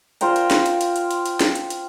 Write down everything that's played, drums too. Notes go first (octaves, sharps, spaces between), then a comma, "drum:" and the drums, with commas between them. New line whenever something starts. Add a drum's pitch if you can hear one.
F4 C5 G5 A#5, drum: hi-hat
drum: hi-hat
drum: snare
drum: hi-hat
drum: hi-hat
drum: hi-hat
drum: hi-hat
drum: hi-hat
drum: snare
drum: hi-hat
drum: hi-hat